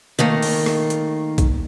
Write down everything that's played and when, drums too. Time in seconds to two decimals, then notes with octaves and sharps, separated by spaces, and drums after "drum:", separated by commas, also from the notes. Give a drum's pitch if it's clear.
0.19 D#3 A3 A#3
0.42 drum: open hi-hat
0.66 drum: rim click
0.90 drum: hi-hat
1.38 drum: kick A#1, hi-hat